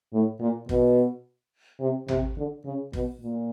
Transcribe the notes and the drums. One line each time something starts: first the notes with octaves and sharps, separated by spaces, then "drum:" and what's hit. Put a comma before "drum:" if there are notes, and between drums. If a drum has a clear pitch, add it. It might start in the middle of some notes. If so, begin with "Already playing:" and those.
A2
A#2
B2, drum: kick
C3
C3, drum: tom
D3
C#3
B2, drum: kick
A#2